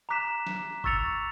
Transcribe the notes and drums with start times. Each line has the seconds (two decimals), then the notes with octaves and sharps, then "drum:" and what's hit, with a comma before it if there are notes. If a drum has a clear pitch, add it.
0.09 A#5 D6 F#6 B6 E7
0.47 drum: snare
0.84 C#6 E6 A6 C#7 F7, drum: kick